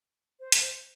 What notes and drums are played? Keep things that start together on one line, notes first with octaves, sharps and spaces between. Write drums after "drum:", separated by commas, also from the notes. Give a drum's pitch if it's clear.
C5
drum: hi-hat